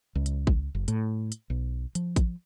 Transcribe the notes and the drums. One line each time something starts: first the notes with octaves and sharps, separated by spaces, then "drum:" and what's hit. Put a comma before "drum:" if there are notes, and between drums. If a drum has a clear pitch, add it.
C#2
drum: hi-hat
drum: kick A1
F#1
A2, drum: hi-hat
drum: hi-hat
B1
F3, drum: hi-hat
drum: kick A1, hi-hat